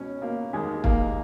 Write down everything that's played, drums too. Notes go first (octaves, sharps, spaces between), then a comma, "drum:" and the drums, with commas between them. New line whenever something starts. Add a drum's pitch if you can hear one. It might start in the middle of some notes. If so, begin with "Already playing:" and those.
Already playing: C#2 B2 C#4
B2 A#3
D#2 G#3
D#2 A#3, drum: kick